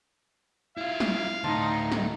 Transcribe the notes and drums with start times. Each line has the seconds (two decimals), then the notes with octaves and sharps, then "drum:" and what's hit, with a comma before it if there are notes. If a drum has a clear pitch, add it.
0.77 E4 F4 F5
1.00 drum: snare
1.44 D2 A2 D#4 A5 C6 A6
1.92 drum: snare